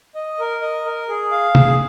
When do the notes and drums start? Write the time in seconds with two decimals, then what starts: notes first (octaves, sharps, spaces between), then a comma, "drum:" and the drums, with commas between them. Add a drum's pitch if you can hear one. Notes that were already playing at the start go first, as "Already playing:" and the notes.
0.15 D#5
0.39 A#4
0.61 D#5
0.85 A#4
1.08 G#4
1.31 F5
1.55 G#4, drum: tom C3